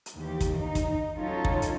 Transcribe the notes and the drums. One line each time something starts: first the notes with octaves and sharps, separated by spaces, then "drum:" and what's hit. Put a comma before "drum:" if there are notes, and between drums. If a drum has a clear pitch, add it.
drum: hi-hat
D#2 D#3 E3 G4
drum: kick, hi-hat
D#4
drum: kick, hi-hat
F#3 C#4 D#4 F4 A4 C#5
drum: kick
drum: hi-hat